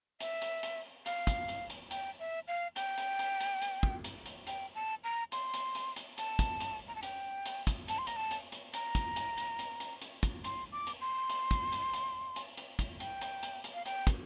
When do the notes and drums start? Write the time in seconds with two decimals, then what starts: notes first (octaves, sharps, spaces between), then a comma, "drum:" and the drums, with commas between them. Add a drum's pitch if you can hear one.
0.20 E5, drum: hi-hat
0.42 drum: hi-hat
0.63 drum: hi-hat
1.06 F5, drum: hi-hat
1.27 drum: kick, hi-hat
1.48 drum: hi-hat
1.70 drum: hi-hat
1.91 G5, drum: hi-hat
2.20 E5
2.48 F5
2.76 G5, drum: hi-hat
2.98 drum: hi-hat
3.19 drum: hi-hat
3.40 drum: hi-hat
3.62 drum: hi-hat
3.83 drum: kick
4.04 drum: hi-hat
4.26 drum: hi-hat
4.47 G5, drum: hi-hat
4.75 A5
5.04 A#5
5.32 C6, drum: hi-hat
5.54 drum: hi-hat
5.75 drum: hi-hat
5.96 drum: hi-hat
6.18 A5, drum: hi-hat
6.39 drum: kick, hi-hat
6.60 drum: hi-hat
6.88 A#5
6.95 A5
7.03 G5, drum: hi-hat
7.46 drum: hi-hat
7.67 drum: kick, hi-hat
7.88 A5, drum: hi-hat
7.98 C6
8.07 A#5, drum: hi-hat
8.16 A5
8.31 drum: hi-hat
8.52 drum: hi-hat
8.74 A#5, drum: hi-hat
8.95 drum: kick, hi-hat
9.16 drum: hi-hat
9.38 drum: hi-hat
9.59 drum: hi-hat
9.80 drum: hi-hat
10.02 drum: hi-hat
10.23 drum: kick, hi-hat
10.44 C6, drum: hi-hat
10.72 D6
10.87 drum: hi-hat
11.01 C6
11.30 drum: hi-hat
11.51 drum: kick, hi-hat
11.72 drum: hi-hat
11.93 drum: hi-hat
12.36 drum: hi-hat
12.57 drum: hi-hat
12.79 drum: kick, hi-hat
13.00 G5, drum: hi-hat
13.21 drum: hi-hat
13.43 drum: hi-hat
13.64 drum: hi-hat
13.74 F5
13.86 G5, drum: hi-hat
14.07 drum: kick, hi-hat